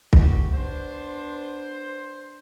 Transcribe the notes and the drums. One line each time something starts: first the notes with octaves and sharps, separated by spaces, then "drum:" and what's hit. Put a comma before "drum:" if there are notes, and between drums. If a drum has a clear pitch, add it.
F#4 G4, drum: kick
B3 D4 C5